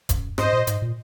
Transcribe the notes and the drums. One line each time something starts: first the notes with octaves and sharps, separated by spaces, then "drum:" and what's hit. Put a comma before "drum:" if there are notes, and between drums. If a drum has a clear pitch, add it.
F#2, drum: kick, hi-hat
G#2 C5 D#5, drum: rim click
A#2
G#2, drum: hi-hat
A#2